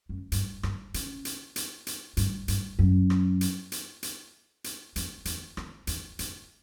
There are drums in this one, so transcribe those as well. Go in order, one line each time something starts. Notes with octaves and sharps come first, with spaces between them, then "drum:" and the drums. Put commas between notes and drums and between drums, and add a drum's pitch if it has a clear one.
F#2
G2, drum: hi-hat
G2, drum: rim click
C#3, drum: hi-hat
drum: hi-hat
drum: hi-hat
drum: hi-hat
G2, drum: hi-hat
G2, drum: hi-hat
F#2
drum: rim click
drum: hi-hat
drum: hi-hat
drum: hi-hat
drum: hi-hat
F2, drum: hi-hat
E2, drum: hi-hat
F2, drum: rim click
E2, drum: hi-hat
F2, drum: hi-hat